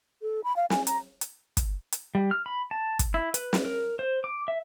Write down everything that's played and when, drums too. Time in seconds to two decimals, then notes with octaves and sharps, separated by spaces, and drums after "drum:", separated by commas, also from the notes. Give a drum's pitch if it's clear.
0.22 A4
0.44 B5
0.56 F5
0.70 G#5, drum: snare
0.87 A#5, drum: hi-hat
1.21 drum: hi-hat
1.57 drum: kick, hi-hat
1.92 drum: hi-hat
2.15 G3
2.31 F6
2.46 B5
2.71 A5
2.99 drum: kick, hi-hat
3.14 E4
3.34 B4, drum: hi-hat
3.53 drum: snare
3.65 A#4
3.99 C5
4.24 D6
4.48 E5